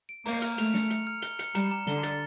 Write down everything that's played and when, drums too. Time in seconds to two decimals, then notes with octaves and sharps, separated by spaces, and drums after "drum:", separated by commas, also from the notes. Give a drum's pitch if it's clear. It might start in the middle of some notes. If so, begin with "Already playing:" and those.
0.09 D7
0.26 A#3 A#5, drum: open hi-hat
0.42 F6, drum: hi-hat
0.58 A3 F7, drum: hi-hat
0.74 C#7, drum: snare
0.90 C#7, drum: hi-hat
1.07 F6
1.22 G7, drum: hi-hat
1.39 C#7, drum: hi-hat
1.55 G3 A#5, drum: hi-hat
1.71 A#5
1.87 D3 G7, drum: snare
2.03 A6, drum: hi-hat